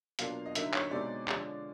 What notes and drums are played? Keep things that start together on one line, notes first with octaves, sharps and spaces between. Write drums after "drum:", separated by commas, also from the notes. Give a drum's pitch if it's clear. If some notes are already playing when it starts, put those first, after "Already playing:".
B2 F#3 A#3 D4 F4 F5, drum: hi-hat
D#5
D3 F#3 A#3 D#4 E5, drum: hi-hat
C#5, drum: clap
B2 G#3 C4 D#4 D5
D3 F3 G#3 C#4, drum: clap